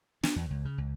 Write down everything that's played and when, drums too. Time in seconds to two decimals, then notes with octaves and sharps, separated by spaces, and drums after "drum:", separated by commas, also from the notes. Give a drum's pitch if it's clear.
0.23 D4, drum: snare
0.36 E2
0.50 C#2
0.65 C#3
0.78 C#2